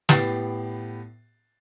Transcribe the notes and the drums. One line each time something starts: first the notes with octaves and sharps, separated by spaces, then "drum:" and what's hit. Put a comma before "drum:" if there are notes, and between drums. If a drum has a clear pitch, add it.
A2 B3 G4 A6 C7, drum: snare